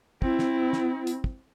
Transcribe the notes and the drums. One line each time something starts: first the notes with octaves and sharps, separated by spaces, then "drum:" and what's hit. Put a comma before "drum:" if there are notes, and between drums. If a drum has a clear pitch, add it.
C4 E4, drum: kick
drum: snare
drum: snare
drum: hi-hat
drum: kick